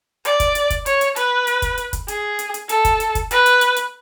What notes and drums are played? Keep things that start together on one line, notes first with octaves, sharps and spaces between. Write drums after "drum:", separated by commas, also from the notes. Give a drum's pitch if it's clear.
D5, drum: hi-hat
drum: kick, hi-hat
drum: hi-hat
drum: kick, hi-hat
C#5, drum: hi-hat
drum: hi-hat
B4, drum: hi-hat
drum: hi-hat
drum: kick, hi-hat
drum: hi-hat
drum: kick, hi-hat
G#4, drum: hi-hat
drum: hi-hat
drum: hi-hat
A4, drum: hi-hat
drum: kick, hi-hat
drum: hi-hat
drum: kick, hi-hat
B4, drum: hi-hat
drum: hi-hat
drum: hi-hat
drum: hi-hat